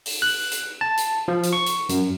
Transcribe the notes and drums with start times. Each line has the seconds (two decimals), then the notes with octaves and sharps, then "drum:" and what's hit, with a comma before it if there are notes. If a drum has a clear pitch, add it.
0.06 drum: open hi-hat
0.22 F#6
0.52 drum: hi-hat
0.81 A5
0.97 drum: hi-hat
1.28 F3
1.43 drum: hi-hat
1.53 C#6
1.66 drum: hi-hat
1.89 F#2, drum: hi-hat